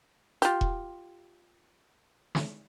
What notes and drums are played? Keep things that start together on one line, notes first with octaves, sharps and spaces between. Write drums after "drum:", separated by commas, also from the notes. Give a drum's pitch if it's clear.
F4 G4, drum: hi-hat
drum: kick E1
drum: snare